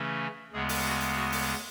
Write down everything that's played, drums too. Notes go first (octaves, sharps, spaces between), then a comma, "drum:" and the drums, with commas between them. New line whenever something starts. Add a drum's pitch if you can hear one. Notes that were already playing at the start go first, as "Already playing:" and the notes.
Already playing: C#3 E3 A3 C#4
D2 C#3 G#3 B3 G#4
drum: open hi-hat
F#4
drum: hi-hat
F#4
drum: open hi-hat